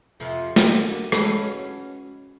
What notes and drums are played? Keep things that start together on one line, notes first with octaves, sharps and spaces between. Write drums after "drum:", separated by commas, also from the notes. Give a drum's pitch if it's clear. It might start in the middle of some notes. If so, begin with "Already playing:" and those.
F2 C3 F3
D3 A#3 F#4, drum: snare
G#3 C#4 F#4 A4 B4, drum: rim click